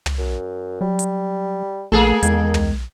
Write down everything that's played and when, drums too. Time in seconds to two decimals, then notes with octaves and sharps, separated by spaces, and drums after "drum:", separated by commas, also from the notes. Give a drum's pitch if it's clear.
0.06 drum: tom
0.18 F#2
0.81 F#3 G3
0.99 drum: hi-hat
1.92 A#1 A3 A#3 G#4 A4
2.23 E2 D#3 G#3 G#6, drum: hi-hat
2.54 drum: tom